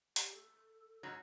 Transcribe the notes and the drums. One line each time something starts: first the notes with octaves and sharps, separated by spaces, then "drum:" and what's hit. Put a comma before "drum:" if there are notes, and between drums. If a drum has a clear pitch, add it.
G4, drum: hi-hat
A4
G#2 F#3